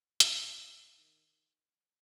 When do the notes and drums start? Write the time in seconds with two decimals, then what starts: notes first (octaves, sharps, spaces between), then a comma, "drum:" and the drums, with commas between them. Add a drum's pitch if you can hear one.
0.20 C3, drum: hi-hat
0.97 D#3